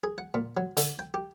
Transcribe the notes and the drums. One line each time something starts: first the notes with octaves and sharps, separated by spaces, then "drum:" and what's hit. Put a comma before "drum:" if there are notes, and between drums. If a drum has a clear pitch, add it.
G#4
F#5
A#2
F#3
D3, drum: hi-hat
G5
G4